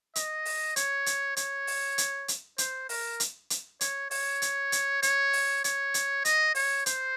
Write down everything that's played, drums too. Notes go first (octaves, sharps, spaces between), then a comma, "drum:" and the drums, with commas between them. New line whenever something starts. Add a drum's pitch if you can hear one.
D#5, drum: hi-hat
drum: open hi-hat
C#5, drum: hi-hat
drum: hi-hat
C#5, drum: hi-hat
drum: open hi-hat
drum: hi-hat
drum: hi-hat
C5, drum: hi-hat
A#4, drum: open hi-hat
drum: hi-hat
drum: hi-hat
C#5, drum: hi-hat
C#5, drum: open hi-hat
drum: hi-hat
drum: hi-hat
C#5, drum: hi-hat
drum: open hi-hat
C#5, drum: hi-hat
drum: hi-hat
D#5, drum: hi-hat
C#5, drum: open hi-hat
C5, drum: hi-hat